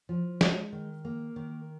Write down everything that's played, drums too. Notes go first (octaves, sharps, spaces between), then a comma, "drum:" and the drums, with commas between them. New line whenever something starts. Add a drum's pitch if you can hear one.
F3
G#3, drum: snare
D#3
A#3
D#3